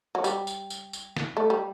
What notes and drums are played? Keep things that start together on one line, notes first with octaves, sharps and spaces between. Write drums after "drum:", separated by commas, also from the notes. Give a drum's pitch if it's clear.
F#3
G3, drum: tambourine
drum: tambourine
drum: tambourine
drum: tambourine
drum: snare
A3
G3